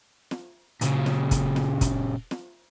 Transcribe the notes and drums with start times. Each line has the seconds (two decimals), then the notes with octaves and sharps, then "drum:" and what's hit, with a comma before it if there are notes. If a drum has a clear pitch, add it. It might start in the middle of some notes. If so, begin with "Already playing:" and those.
0.31 drum: snare
0.81 A#2 C#3, drum: hi-hat
1.06 drum: snare
1.31 drum: kick, hi-hat
1.56 drum: snare
1.81 drum: kick, hi-hat
2.31 drum: snare